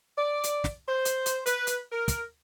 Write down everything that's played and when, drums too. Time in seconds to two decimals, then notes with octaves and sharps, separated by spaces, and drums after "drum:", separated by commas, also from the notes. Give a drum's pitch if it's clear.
0.18 D5
0.44 drum: hi-hat
0.64 drum: snare
0.89 C5
1.05 drum: hi-hat
1.26 drum: hi-hat
1.46 B4, drum: hi-hat
1.67 drum: hi-hat
1.92 A#4
2.08 drum: kick, hi-hat